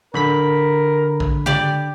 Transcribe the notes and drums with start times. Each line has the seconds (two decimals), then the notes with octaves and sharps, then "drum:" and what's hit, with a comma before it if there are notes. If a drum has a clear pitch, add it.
0.14 D3 A#4 B5 B6, drum: tom
1.20 drum: kick A#1
1.46 G4 D5, drum: tom C#3